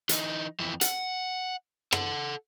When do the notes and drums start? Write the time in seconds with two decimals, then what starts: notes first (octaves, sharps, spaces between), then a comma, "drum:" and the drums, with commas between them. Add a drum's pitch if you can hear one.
0.09 E3 D#4, drum: hi-hat
0.59 F2 E3
0.81 F#5, drum: hi-hat
1.92 A4 F#5, drum: rim click